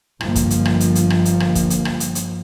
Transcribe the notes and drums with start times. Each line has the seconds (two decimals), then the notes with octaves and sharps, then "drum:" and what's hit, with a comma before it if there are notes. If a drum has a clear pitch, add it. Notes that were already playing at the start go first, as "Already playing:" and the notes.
0.21 G1 F3 A#3, drum: rim click
0.36 drum: kick, hi-hat
0.50 drum: hi-hat
0.65 drum: rim click
0.80 drum: hi-hat
0.95 drum: hi-hat
1.10 drum: rim click
1.25 drum: hi-hat
1.40 drum: rim click
1.55 drum: kick, hi-hat
1.70 drum: hi-hat
1.85 drum: rim click
2.00 drum: hi-hat
2.15 drum: hi-hat